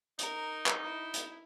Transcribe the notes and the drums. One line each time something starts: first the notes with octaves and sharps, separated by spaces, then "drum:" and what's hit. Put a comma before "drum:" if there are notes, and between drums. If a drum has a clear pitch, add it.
D#4 A#4, drum: hi-hat
drum: clap
E4
drum: hi-hat